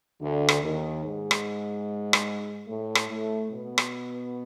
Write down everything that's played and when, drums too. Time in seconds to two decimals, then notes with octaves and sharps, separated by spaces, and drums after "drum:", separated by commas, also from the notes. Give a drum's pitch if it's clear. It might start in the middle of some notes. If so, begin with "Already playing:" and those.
0.21 D2 D3
0.48 drum: rim click
0.63 D#2 D#3
1.03 G#2 G#3
1.31 drum: rim click
2.13 drum: rim click
2.67 A2 A3
2.95 drum: rim click
3.08 A2 A3
3.50 B2 B3
3.78 drum: rim click